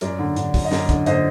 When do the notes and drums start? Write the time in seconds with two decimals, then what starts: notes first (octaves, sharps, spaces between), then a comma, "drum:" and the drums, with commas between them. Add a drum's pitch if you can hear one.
0.01 F#2 A#4 D5, drum: hi-hat
0.19 D3
0.36 D3, drum: hi-hat
0.54 F#2, drum: kick, open hi-hat
0.65 D#5
0.71 F#2 A#4 D5, drum: snare
0.89 D3, drum: kick, hi-hat
1.06 D3 C5 D#5, drum: hi-hat